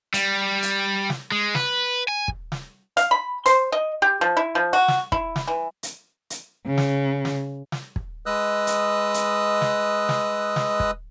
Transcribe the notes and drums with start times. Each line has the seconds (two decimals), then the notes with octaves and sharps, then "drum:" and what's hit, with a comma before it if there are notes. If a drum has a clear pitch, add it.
0.14 G3, drum: hi-hat
0.62 drum: hi-hat
1.10 drum: snare
1.32 G#3
1.55 B4, drum: snare
2.08 G#5
2.28 drum: kick
2.52 drum: snare
2.97 F5, drum: hi-hat
3.11 B5
3.46 C5, drum: hi-hat
3.72 D#5
4.02 G4
4.21 F3
4.37 E4
4.55 F3
4.73 F#4
4.88 drum: snare
5.12 E4, drum: kick
5.36 drum: snare
5.47 E3
5.83 drum: hi-hat
6.30 drum: hi-hat
6.66 C#3
6.78 drum: snare
7.25 drum: snare
7.72 drum: snare
7.96 drum: kick
8.26 G#3 B4 D#5 D#6 E6 F#6
8.67 drum: hi-hat
9.14 drum: hi-hat
9.61 drum: snare
10.09 drum: snare
10.56 drum: snare
10.80 drum: kick